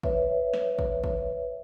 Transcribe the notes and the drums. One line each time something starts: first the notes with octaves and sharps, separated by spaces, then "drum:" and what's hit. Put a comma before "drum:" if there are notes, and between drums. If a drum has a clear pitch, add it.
B4 C#5 E5, drum: kick
drum: snare
drum: kick
drum: kick